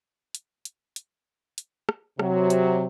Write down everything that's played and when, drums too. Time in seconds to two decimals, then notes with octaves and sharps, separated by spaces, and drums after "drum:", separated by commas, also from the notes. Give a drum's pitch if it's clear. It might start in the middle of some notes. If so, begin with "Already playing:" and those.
0.35 drum: hi-hat
0.65 drum: hi-hat
0.96 drum: hi-hat
1.58 drum: hi-hat
1.89 drum: rim click
2.19 C3 F#3, drum: rim click
2.50 drum: hi-hat